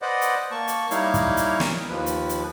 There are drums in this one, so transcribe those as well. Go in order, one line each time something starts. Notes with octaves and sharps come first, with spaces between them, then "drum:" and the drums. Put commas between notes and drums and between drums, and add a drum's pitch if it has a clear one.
B4 C5 D5 D#5 F#5
drum: hi-hat
A#3 A5 C#6
drum: hi-hat
G3 A#3 D#4 E4 C#5 F5, drum: hi-hat
drum: kick, hi-hat
drum: hi-hat
drum: snare
D#2 F3 B4
drum: hi-hat
drum: hi-hat